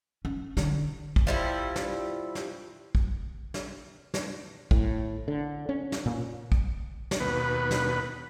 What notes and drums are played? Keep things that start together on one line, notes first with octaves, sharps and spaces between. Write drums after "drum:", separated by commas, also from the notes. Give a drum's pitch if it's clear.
C#4
D3, drum: snare
drum: kick
F3 G3 E4
drum: snare
drum: snare
drum: kick
drum: snare
drum: snare
A2, drum: kick
D3
C#4
drum: snare
A#2
drum: kick
drum: snare
D#2 B2 B4
drum: snare